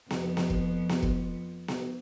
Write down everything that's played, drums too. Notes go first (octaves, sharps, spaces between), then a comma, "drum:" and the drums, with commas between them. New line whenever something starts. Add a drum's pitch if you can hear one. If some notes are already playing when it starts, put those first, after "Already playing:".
F2 F3 B3, drum: snare B3
drum: snare B3
drum: kick
drum: snare B3
drum: kick
drum: snare B3